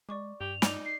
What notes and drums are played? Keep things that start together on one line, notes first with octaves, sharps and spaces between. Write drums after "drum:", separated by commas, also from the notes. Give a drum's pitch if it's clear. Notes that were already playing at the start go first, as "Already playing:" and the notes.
G#3 D5 C#6 D6
G2 G4 F7
D#4 D5 D6, drum: snare
C7